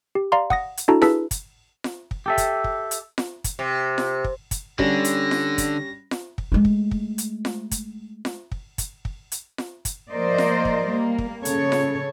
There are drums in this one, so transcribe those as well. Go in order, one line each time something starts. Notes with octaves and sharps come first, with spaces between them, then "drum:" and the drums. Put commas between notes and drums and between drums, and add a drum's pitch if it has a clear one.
G4
D5 F5 A#5 C6
F#5 D#6 A#6, drum: kick
drum: hi-hat
D4 E4 F#4 A4 A5 A#5
E4 G#4 B4 A5 E6 B6, drum: snare F4
drum: kick, hi-hat
drum: snare F4
drum: kick
G4 A4 E5
drum: kick, hi-hat
drum: kick
drum: hi-hat
drum: snare F4
drum: kick, hi-hat
C3
drum: snare F4
drum: kick
drum: kick, hi-hat
D3 G3 C#4 D4 A#6, drum: kick
drum: hi-hat
drum: snare F4
drum: kick, hi-hat
drum: snare F4
drum: kick
G#3 A3
drum: kick
drum: kick
drum: hi-hat
drum: snare F4
drum: kick, hi-hat
drum: snare F4
drum: kick
drum: kick, hi-hat
drum: kick
drum: hi-hat
drum: snare F4
drum: kick, hi-hat
F3 A#3 A#4 C5 D5 D#5
drum: snare F4
drum: kick
G3 A#3
drum: kick
C#3 A4 C#5, drum: hi-hat
drum: snare F4